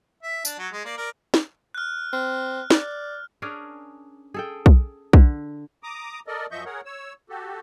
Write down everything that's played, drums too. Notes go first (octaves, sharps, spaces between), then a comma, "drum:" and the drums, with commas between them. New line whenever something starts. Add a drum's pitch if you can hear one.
E5
D4, drum: tambourine
F#3
G#3
A#3 D5
A#4 D5
drum: snare
F6 F#6
C4 F6
D5, drum: snare
C#4 D4 G#4 A#4
G#4 A4 G5
drum: kick B1
D3, drum: kick B1
A#5 D6 D#6
A4 A#4 D5 D#5
F#2 F3 D#5 E5 C#6 G6
G#4 A#4 C#5 F#5
C#5 E6
F#4 G4 A4